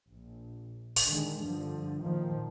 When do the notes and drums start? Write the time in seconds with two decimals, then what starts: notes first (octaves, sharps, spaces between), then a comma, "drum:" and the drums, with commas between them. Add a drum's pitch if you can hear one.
0.12 A#1
0.96 drum: open hi-hat
1.08 D3 D#3 G#3
1.41 G2 D3 F3
2.01 A#2 D#3 F3